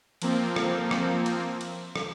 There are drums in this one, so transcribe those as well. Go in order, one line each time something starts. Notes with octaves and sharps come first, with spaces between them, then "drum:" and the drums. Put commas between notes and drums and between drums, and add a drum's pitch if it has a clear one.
F3 A#3 C4, drum: cymbal
drum: rim click
drum: rim click
drum: cymbal
drum: cymbal
drum: rim click